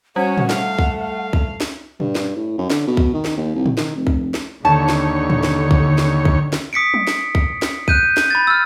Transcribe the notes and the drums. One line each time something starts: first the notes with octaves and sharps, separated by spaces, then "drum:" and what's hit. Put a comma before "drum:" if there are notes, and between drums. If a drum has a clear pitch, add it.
G3 C#4 F#4 C#5 F#5
drum: tom A2
A3 F5, drum: snare
drum: kick C2
F5
drum: kick C2
drum: snare
G2, drum: tom A#2
drum: snare
A2
F#2
D3, drum: snare
B2
drum: kick C2
D#3
drum: snare
D#2
C2
drum: tom A2
D#3, drum: snare
F1
drum: kick C2
drum: snare
D#2 D3 C#5 A5
drum: snare
drum: tom A2
drum: snare
drum: kick C2
drum: snare
drum: kick C2
drum: snare
D#6 B6 C#7 D7
drum: tom F#3
drum: snare
drum: kick C2
drum: snare
F#6 G6 D#7, drum: kick C2
drum: snare
B5 A6
E6 F6